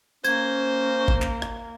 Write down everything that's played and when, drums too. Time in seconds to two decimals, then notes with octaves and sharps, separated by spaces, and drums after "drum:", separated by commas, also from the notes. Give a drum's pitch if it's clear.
0.24 A#3 C#4 C5 G#6, drum: tambourine
1.08 drum: kick G1
1.22 drum: clap
1.42 drum: rim click